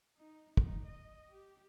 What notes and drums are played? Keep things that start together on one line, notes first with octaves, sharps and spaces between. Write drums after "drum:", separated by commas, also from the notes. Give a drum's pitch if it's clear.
D#4
D#4, drum: kick
D#5
G4